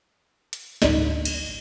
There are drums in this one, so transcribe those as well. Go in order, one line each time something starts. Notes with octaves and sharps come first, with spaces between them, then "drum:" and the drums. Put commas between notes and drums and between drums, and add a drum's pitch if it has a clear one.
drum: hi-hat
A1 D2 G2 D4 D#4 B6, drum: snare
drum: cymbal